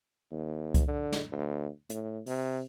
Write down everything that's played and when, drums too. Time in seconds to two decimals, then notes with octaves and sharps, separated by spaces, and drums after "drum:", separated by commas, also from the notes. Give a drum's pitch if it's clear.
0.31 D#2
0.74 drum: kick C2, hi-hat
0.87 D3
1.12 drum: snare
1.32 D2
1.90 A2, drum: hi-hat
2.26 C3, drum: open hi-hat